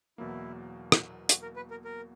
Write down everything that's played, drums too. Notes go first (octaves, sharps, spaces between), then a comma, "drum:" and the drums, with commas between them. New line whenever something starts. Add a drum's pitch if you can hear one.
E2 B2 F#3 A#3 E4
drum: rim click
F#4, drum: hi-hat
A#4
B4
A#4
A#4